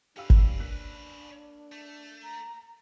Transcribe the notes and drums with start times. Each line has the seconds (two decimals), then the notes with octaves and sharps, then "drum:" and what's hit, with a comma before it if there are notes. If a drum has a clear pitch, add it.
0.17 C#4 D4 G4 B4 F5 E6
0.30 drum: kick G#1
0.59 A#3 F#6 B6
1.72 A3
2.23 A#5